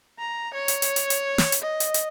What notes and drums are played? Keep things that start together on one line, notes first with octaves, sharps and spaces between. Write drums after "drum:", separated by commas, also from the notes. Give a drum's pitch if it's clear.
A#5
C#5
drum: hi-hat
drum: hi-hat
drum: hi-hat
drum: hi-hat
drum: snare
drum: hi-hat
D#5
drum: hi-hat
drum: hi-hat